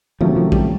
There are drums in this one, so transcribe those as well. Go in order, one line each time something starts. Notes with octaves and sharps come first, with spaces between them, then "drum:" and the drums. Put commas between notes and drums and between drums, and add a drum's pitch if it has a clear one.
C3 D#3 F3 F#3 A3 C#4
F3
G3, drum: kick A#1